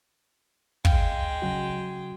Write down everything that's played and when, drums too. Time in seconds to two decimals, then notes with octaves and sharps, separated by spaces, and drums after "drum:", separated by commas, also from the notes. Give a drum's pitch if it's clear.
0.85 G#3 F5 G5, drum: kick
1.42 C#3 F#3 F#4